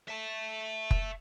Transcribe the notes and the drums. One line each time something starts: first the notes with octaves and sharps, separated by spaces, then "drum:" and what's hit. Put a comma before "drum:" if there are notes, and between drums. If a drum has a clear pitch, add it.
E5 A5
drum: kick F1